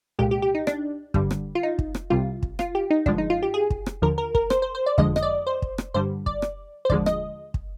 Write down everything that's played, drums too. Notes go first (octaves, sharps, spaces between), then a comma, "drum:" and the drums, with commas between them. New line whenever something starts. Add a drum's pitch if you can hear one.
C2 A#2 G#3 G4
G4
G4
D#4
D4, drum: rim click
G2 D3 G3, drum: kick
drum: rim click
F4
D#4
drum: kick
drum: rim click
C2 C3 G3 F4
drum: kick
F4, drum: rim click
G4
D#4
G2 D3 F3 G#3 D4, drum: kick
D#4
F4
G4
G#4
drum: kick
drum: rim click
D#2 D3 F3 A#4
A#4
A#4, drum: kick
C5, drum: rim click
C5
C5
D5
F2 D3 F3 G#3 D#5, drum: kick
D#5, drum: rim click
D5
C5
drum: kick
drum: rim click
G2 D3 G3 C5
D5, drum: kick
drum: rim click
C5
D#2 D3 F3 G#3 D5, drum: kick
D#5, drum: rim click
drum: kick